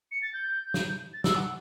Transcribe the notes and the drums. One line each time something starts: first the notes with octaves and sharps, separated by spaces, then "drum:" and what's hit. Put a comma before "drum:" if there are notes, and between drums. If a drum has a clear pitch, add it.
C#7
A6
G6
drum: snare
A6
E6, drum: snare
F#5